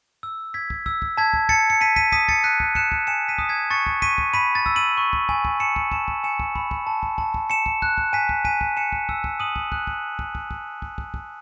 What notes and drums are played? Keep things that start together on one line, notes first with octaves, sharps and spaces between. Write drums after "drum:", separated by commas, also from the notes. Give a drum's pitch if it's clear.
E6
E6 G#6 B6
drum: kick
E6, drum: kick
drum: kick
A5 G#6 B6
drum: kick
A5 A6 C#7, drum: kick
C#7
A5 B6 D#7
B6 D#7, drum: kick
D#6 B6 D#7, drum: kick
A6 C#7, drum: kick
F#6 B6 D#7
drum: kick
F#6 C#7 E7, drum: kick
drum: kick
G#5 C#7 E7
B6 D#7
D#6, drum: kick
G#6 B6
C#6 A6 C#7
drum: kick
C#6 B6 D#7, drum: kick
drum: kick
B5 B6 D#7
A6
E6, drum: kick
D#7 F#7
C#6
drum: kick
G#5, drum: kick
drum: kick
A5 C#7 E7
drum: kick
A5 C#7 E7, drum: kick
drum: kick
G#5 C#7 E7
drum: kick
B5, drum: kick
drum: kick
A5
drum: kick
A5, drum: kick
drum: kick
A5 C#7 E7
drum: kick
F#6, drum: kick
drum: kick
G#5 B6 D#7
drum: kick
G#5 B6 D#7, drum: kick
drum: kick
G#5 C#7 E7
drum: kick
E6, drum: kick
drum: kick
D#6 D#7 F#7
drum: kick
F#6, drum: kick
drum: kick
drum: kick
drum: kick
drum: kick
drum: kick
drum: kick
drum: kick